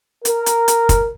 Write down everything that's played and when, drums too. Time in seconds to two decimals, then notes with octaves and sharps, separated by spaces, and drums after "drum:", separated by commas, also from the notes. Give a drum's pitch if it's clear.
0.25 A#4, drum: hi-hat
0.46 drum: hi-hat
0.68 drum: hi-hat
0.89 drum: kick, hi-hat